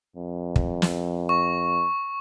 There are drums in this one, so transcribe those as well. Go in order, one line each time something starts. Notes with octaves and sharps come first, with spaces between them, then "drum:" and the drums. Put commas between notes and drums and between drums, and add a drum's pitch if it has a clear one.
F2
drum: kick
drum: snare
C#6